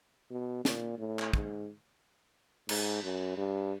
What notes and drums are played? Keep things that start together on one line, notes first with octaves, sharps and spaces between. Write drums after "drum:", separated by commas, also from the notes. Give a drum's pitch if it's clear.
B2
A#2, drum: snare
A2
drum: clap
G#2, drum: kick
G#2, drum: cymbal
F#2
G2